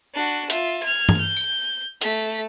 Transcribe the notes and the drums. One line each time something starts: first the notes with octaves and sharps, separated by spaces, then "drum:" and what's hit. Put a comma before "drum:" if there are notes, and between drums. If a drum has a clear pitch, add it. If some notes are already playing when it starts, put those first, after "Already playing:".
D4 F#4
F4 E5, drum: hi-hat
F6 G#6
drum: tom
G6
drum: tambourine
A3 B6, drum: hi-hat